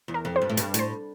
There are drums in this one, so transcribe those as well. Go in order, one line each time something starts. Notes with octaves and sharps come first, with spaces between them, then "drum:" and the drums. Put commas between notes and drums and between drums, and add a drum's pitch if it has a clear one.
E2
A#4
F2
C5
G2
A2
G2, drum: hi-hat
A2 C5, drum: hi-hat